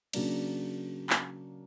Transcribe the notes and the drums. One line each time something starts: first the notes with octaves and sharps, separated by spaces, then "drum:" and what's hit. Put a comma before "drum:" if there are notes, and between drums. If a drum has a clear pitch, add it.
C#3 F#3 A#3 D4, drum: cymbal
drum: clap